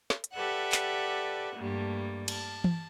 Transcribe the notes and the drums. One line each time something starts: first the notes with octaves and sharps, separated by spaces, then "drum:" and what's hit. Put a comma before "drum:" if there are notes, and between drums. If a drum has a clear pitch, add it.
drum: snare
drum: hi-hat
G4 A4 B4 D5 E5 F#5
drum: clap
G2 G3 A3 A#3
A5, drum: cymbal
drum: tom E3